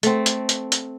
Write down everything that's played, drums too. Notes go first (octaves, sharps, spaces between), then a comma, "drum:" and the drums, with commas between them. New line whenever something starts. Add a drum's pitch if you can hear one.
A3 C4, drum: hi-hat
drum: hi-hat
drum: hi-hat
drum: hi-hat